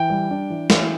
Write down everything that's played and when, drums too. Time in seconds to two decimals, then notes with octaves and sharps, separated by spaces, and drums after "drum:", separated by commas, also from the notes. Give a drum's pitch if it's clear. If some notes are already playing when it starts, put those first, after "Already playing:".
Already playing: E3 G5
0.10 G3
0.31 D4
0.50 E3
0.70 E3, drum: snare